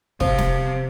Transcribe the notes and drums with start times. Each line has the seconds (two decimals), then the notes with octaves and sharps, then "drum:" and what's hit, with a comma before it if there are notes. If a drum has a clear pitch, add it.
0.20 C3 F3, drum: kick
0.38 drum: snare